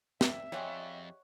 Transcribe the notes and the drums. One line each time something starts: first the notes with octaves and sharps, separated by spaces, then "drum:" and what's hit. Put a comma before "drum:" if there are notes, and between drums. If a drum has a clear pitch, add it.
G3 E5, drum: snare
F2 G3 G#3 G4 C#5 F#5